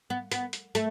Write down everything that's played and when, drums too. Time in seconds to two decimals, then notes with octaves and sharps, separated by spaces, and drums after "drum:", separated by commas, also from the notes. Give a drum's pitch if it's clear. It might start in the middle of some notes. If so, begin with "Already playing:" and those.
0.10 B3
0.32 B3, drum: hi-hat
0.53 drum: hi-hat
0.75 A3, drum: hi-hat